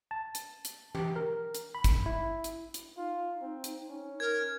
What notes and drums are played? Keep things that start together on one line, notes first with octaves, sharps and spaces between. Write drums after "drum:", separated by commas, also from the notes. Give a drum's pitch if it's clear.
A5
drum: hi-hat
drum: hi-hat
G4, drum: tom E3
A#4
drum: hi-hat
B5
drum: kick, hi-hat
E4
drum: hi-hat
drum: hi-hat
D#4 F4
C4
drum: hi-hat
C#4
A#4 G#6